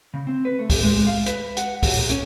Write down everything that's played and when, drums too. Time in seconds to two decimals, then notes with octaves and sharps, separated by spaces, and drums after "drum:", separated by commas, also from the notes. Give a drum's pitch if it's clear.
0.14 C#3
0.27 C4
0.45 B4
0.59 A3
0.70 drum: kick C2, open hi-hat
0.83 G#3
1.07 F5
1.26 B4, drum: hi-hat
1.57 F#5, drum: hi-hat
1.83 F#3, drum: kick C2, open hi-hat
1.97 A#2
2.09 C#4, drum: hi-hat